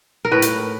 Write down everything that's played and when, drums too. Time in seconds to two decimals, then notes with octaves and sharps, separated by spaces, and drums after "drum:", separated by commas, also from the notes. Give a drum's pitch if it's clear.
0.25 A#4
0.31 A2 B4
0.42 drum: hi-hat